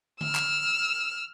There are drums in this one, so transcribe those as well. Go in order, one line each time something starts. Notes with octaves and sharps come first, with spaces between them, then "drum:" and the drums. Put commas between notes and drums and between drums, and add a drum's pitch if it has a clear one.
E6 F6, drum: tom D3
drum: clap